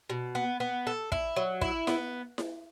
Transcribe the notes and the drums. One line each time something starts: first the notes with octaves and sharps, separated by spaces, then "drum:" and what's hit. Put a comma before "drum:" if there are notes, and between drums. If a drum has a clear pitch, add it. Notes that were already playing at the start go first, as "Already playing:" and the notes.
B2
B3
B3
A4
E4, drum: kick
F#3
E4, drum: kick
B3, drum: snare E4
drum: snare E4